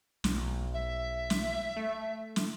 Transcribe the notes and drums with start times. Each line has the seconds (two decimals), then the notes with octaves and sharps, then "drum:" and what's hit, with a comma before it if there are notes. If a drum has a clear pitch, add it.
0.24 B1, drum: snare
0.74 E5
1.30 drum: snare
1.77 A3
2.36 drum: snare